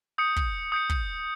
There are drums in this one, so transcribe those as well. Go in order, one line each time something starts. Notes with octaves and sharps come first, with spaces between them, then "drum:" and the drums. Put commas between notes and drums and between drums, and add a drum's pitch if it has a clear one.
D#6 G6 C#7
drum: kick
D#6 G6 C#7
drum: kick